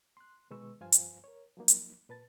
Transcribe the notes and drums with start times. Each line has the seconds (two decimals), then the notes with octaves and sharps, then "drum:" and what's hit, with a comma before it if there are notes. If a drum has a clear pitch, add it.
0.17 C6 F#6
0.51 B2 D#3 G#3 B4 C#6 E6
0.81 G2 F3 F4 C5 F5 G#5
0.92 drum: hi-hat
1.24 A#4 C#5
1.57 F3 F#3 A#3 D#4
1.68 drum: hi-hat
2.09 A#2 B4 A5 A6